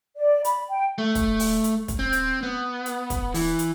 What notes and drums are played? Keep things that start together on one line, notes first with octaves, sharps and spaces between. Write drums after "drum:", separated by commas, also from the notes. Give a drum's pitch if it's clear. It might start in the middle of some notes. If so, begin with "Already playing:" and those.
D5
B5, drum: hi-hat
G5
A3
drum: kick, hi-hat
drum: open hi-hat
drum: hi-hat
drum: kick, hi-hat
C4
drum: hi-hat
B3
drum: hi-hat
drum: kick, hi-hat
E3, drum: open hi-hat
drum: hi-hat